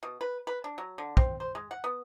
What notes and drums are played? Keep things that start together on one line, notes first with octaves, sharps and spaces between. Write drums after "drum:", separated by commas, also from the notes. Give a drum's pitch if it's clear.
B2
B4
B4
D4
F#3
D3
C4, drum: kick
C5
G#3
F#5
B3